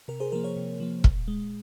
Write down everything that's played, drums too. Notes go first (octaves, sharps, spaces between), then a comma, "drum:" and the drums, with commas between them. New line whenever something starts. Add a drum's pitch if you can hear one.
C3 A#4
G#4 C5
F3 A#3 A#4
A#4 C#5
C3
F3 A#3
A#2, drum: kick
G#3